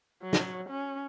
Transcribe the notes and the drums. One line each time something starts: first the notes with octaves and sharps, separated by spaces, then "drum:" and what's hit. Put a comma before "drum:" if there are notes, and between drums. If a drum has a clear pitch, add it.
F#3
drum: snare
C#4